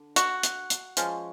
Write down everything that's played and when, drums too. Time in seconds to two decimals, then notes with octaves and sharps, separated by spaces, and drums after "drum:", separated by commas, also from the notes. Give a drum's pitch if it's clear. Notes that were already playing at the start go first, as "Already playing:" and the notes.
Already playing: D3
0.16 F#4, drum: hi-hat
0.43 drum: hi-hat
0.70 drum: hi-hat
0.97 F3 G#3 C#4, drum: hi-hat